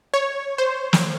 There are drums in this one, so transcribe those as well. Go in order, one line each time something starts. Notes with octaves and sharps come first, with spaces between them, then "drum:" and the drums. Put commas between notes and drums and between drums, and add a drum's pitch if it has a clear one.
C#5
C5
drum: snare